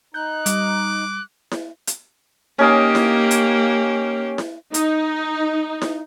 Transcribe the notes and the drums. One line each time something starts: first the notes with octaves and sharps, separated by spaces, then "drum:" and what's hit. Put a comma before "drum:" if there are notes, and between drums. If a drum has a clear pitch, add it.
D#4 F#6 G6
G3 D6, drum: hi-hat
drum: snare E4
drum: hi-hat
A#3 C#4 D#4 G4 F5
drum: snare E4
drum: hi-hat
drum: snare E4
D#4, drum: hi-hat
drum: snare E4